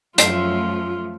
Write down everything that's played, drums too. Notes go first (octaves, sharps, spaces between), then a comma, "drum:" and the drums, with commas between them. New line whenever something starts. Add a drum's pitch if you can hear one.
F#2 F3 A3 F4 E5 C6, drum: hi-hat